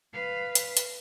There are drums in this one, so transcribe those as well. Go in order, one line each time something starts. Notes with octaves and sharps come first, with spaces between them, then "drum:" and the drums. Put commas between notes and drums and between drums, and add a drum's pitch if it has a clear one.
B4 F5
drum: hi-hat
drum: hi-hat